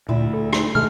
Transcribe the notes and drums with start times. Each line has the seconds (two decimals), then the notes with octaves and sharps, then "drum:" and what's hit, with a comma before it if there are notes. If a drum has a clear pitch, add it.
0.09 D2 A#2 E4
0.34 A4
0.53 D#4, drum: rim click
0.75 C3 D#3 G#3 A3 F6